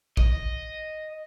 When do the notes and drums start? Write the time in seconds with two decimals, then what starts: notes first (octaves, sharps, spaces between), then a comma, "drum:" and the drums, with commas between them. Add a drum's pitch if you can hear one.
0.17 D#5, drum: kick A#1